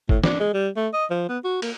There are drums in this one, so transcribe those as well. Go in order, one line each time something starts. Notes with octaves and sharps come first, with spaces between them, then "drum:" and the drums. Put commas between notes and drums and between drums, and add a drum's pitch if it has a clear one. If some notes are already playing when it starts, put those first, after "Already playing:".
A2, drum: kick
D4, drum: snare
G#3
G3
A3
D#5
F3
B3
F#4
A#3, drum: cymbal